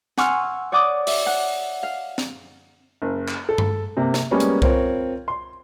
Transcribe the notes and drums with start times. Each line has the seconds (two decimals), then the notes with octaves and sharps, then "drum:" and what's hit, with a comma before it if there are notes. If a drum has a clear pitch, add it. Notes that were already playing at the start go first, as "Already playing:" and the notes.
0.18 F#5 G#5 C6 C#6 E6 F6, drum: snare
0.72 C#5 D5 F#5 D6 D#6
1.07 E5, drum: open hi-hat
1.26 F#5
1.83 F5
2.18 drum: snare
3.02 F#1
3.28 drum: clap
3.49 A4
3.58 drum: tom G2
3.97 C3 A#3
4.14 drum: snare
4.31 G3 G#3 A#3 B3 C#4
4.40 drum: hi-hat
4.62 C4 F4 A#4 C#5, drum: kick C2
5.28 C6